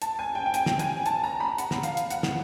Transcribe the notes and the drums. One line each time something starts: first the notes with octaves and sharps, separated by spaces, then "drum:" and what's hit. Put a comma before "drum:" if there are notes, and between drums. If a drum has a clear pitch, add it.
A5, drum: hi-hat
G#5
G5
G5
G#5, drum: hi-hat
drum: snare
G#5, drum: hi-hat
A5, drum: hi-hat
A#5
B5
F#5, drum: hi-hat
drum: snare
F5, drum: hi-hat
drum: hi-hat
F#5, drum: hi-hat
drum: snare